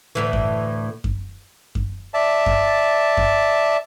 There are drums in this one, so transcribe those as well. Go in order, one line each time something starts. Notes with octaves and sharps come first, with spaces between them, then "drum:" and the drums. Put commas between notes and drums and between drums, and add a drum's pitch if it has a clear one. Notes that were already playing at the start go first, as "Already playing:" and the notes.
D2 A2 E3
drum: kick F#2
drum: kick F#2
drum: kick F#2
D5 E5 A5
drum: kick F#2
drum: kick F#2